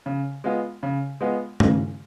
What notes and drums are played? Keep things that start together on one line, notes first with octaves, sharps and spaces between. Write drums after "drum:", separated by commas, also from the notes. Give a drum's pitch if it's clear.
C#3
G#3 B3 F4
C#3
G#3 B3 F4
C#3, drum: tom